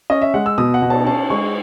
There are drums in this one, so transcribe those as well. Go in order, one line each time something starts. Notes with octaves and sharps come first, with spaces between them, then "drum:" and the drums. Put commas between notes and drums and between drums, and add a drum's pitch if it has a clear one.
C#4 D#5
E5
G#3 F#5
E6
B2 D#6
F#5
B2
A5, drum: cymbal
C#4 A5
G#3 C#6